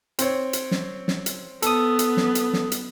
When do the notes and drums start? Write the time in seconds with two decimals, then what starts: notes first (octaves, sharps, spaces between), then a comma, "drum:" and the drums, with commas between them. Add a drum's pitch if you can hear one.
0.19 C4 C#5, drum: hi-hat
0.53 drum: hi-hat
0.71 drum: snare
1.08 drum: snare
1.26 drum: hi-hat
1.62 B3 A4 D#6, drum: hi-hat
1.99 drum: hi-hat
2.17 drum: snare
2.35 drum: hi-hat
2.53 drum: snare
2.72 drum: hi-hat